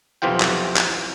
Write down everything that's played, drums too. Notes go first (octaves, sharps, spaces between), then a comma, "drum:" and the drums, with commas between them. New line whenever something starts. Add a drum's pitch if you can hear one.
B1 F2 C3 E3 F4 G5
drum: clap
drum: clap